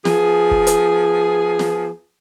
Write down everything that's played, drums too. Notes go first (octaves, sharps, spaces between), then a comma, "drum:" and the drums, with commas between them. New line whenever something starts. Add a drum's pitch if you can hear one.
F3 B3 G#4, drum: snare
drum: kick
drum: hi-hat
drum: snare